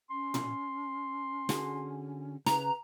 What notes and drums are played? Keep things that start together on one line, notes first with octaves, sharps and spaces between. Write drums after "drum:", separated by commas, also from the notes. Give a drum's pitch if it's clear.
C#4 C6
drum: tom
D3 F#4 G#4, drum: snare
C#3 B4 A#5, drum: snare